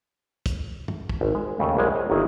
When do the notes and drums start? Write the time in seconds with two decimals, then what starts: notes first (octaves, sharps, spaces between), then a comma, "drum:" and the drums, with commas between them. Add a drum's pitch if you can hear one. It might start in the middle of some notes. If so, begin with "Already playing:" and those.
0.46 drum: kick, hi-hat
0.88 drum: tom
1.09 drum: kick
1.21 G#1
1.35 G#3
1.59 D#2 C#3 A3
1.77 A#1 F#2 G3 G#3
1.94 C5 C#5 D#5
2.10 G1 D#3 D#4 E4 F5 G#5